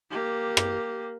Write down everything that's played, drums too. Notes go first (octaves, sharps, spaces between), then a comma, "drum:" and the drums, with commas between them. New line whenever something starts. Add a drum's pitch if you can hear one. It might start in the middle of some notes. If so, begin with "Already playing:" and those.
A#3 G4
drum: rim click